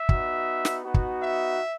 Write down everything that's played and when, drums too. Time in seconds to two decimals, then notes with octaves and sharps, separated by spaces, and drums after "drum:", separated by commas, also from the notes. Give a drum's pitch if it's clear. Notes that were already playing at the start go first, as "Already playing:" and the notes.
Already playing: E5
0.09 B3 D#4 F#4, drum: kick
0.65 drum: snare
0.84 B3 D#4 F#4
0.94 drum: kick
1.23 E5